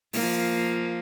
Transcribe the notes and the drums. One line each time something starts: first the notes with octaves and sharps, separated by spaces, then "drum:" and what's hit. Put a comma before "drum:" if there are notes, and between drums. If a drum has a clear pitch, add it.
F3 A#3, drum: open hi-hat